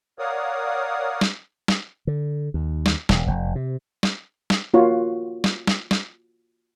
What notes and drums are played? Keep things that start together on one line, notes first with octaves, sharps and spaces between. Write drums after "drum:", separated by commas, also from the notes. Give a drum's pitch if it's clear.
A#4 C#5 D5 F5 F#5 D#6
drum: snare
drum: snare
D3
D#2
drum: snare
E1, drum: snare
F1
C3
drum: snare
drum: snare
A#3 F4 F#4 C#5
drum: snare
drum: snare
drum: snare